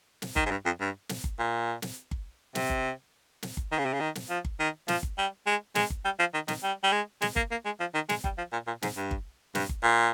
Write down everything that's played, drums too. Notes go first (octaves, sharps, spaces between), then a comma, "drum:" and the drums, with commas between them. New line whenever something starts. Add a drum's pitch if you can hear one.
drum: snare
D#3, drum: kick G1
G#2
G2
F2
G2
drum: snare
drum: kick G1
A#2
drum: snare
drum: kick G1
C3, drum: snare
drum: kick G1
drum: snare
drum: kick G1
D#3
C#3
C3
C#3
D#3
drum: snare
F3
drum: kick G1
D#3
F3, drum: snare
drum: kick G1
G3
G#3
G#3, drum: snare
drum: kick G1
G3
F3
D#3
D#3, drum: snare
G3
G3
G#3
G#3, drum: snare
A#3, drum: kick G1
A#3
G#3
F3
D#3
G#3, drum: snare
G3, drum: kick G1
F3
A#2
A#2
G#2, drum: snare
G2
drum: kick G1
G2, drum: snare
drum: kick G1
A#2